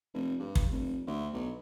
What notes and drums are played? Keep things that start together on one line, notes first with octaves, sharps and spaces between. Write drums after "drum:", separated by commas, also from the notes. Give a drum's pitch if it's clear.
F1
G2
drum: kick
F1
D2
B1